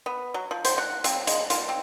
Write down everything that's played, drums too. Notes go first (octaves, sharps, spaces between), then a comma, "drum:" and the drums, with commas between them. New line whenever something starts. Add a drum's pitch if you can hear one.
B3
F#3
F3
C5, drum: hi-hat
F#5
C4, drum: hi-hat
G#3, drum: hi-hat
F4, drum: hi-hat
C4